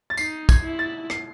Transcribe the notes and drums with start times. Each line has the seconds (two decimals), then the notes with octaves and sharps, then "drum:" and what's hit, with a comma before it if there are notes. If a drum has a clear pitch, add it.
0.10 A6
0.17 D#4 C7, drum: tambourine
0.49 G#6, drum: kick, tambourine
0.64 E4
0.79 A6
1.10 C7, drum: rim click